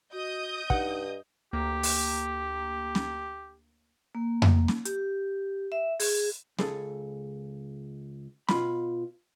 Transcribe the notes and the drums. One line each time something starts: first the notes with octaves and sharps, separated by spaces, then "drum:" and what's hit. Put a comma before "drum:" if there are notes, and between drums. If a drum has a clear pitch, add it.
F#4 D#5 D#6 G6
G2 D#4 F#5, drum: kick
D2 A#3 G4 A#5
drum: open hi-hat
drum: snare
A#3
drum: tom F2
drum: snare
G4, drum: hi-hat
E5
G#4, drum: open hi-hat
C#2 G#4 A4, drum: snare
B2 F4 B5, drum: snare